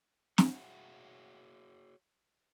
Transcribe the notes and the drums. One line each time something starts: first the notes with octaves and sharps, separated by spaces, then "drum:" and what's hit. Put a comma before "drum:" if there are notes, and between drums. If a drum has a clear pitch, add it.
F#4 G#4 C#5 E5 F#5, drum: snare